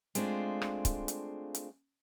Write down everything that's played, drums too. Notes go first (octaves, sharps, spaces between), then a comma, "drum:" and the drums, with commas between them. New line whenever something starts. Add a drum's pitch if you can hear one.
G#3 A3 C4 D4 F4, drum: hi-hat
drum: rim click
drum: kick, hi-hat
drum: hi-hat
drum: hi-hat